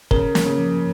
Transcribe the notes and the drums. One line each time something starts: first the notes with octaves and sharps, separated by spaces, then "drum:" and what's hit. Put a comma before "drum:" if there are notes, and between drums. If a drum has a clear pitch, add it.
C#3 A#4, drum: kick
A#3, drum: snare
C#3
F3